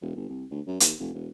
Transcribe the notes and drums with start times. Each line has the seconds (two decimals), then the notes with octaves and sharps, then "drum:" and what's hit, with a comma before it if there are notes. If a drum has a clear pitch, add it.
0.02 E1
0.16 G1
0.29 C2
0.50 D2
0.67 F#2
0.80 D#2, drum: hi-hat
0.99 F1
1.14 E1